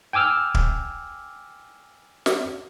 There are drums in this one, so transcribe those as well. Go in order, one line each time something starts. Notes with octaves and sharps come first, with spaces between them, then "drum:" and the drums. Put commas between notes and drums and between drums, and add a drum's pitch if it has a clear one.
G5 G#5 D6 E6 F6
drum: kick
drum: snare